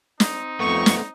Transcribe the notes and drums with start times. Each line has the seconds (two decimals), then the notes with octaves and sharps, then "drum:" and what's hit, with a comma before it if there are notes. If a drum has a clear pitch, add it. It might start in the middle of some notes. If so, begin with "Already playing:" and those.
0.20 C4 D#4, drum: snare
0.60 F2 A3 B3 C#6
0.86 drum: snare